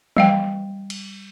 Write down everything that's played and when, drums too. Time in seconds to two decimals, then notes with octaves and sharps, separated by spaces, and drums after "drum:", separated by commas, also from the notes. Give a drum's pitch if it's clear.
0.17 G3 F5 G5, drum: tom E3
0.90 drum: cymbal